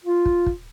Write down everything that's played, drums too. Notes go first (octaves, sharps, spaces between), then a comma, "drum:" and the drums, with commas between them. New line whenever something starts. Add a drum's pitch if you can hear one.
F4
drum: kick
drum: kick